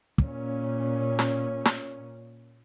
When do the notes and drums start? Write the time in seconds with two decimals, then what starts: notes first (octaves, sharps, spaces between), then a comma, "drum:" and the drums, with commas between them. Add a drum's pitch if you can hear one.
0.18 A#2 C#4, drum: kick
1.19 drum: snare
1.65 drum: snare